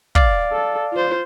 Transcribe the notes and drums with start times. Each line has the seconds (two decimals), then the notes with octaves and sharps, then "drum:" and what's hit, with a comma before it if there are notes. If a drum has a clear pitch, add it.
0.15 D5 F5, drum: kick
0.52 A4
0.92 F4 C5